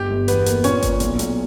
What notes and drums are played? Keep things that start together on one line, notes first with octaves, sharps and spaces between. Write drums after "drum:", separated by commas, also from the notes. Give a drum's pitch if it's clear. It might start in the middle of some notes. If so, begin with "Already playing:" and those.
Already playing: G1 G4
G1
E2 B3 B4, drum: hi-hat
A#3, drum: hi-hat
A#2 C#4 C#5, drum: hi-hat
A#2, drum: kick G1, hi-hat
B1, drum: hi-hat
B1, drum: hi-hat